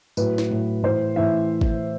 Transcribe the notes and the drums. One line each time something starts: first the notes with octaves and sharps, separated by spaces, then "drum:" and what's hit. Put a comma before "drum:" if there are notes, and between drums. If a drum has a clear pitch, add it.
A2 F#3 B4, drum: tambourine
drum: snare
A2 F#3
A2 E3 C5
A2 E3 E5
drum: kick G#1